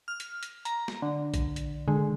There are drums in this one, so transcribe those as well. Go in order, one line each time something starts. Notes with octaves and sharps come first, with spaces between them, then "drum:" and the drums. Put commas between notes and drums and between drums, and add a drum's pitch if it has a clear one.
F6
drum: hi-hat
drum: hi-hat
A#5, drum: hi-hat
drum: snare
D3
drum: kick A#1, hi-hat
drum: hi-hat
D3 G#3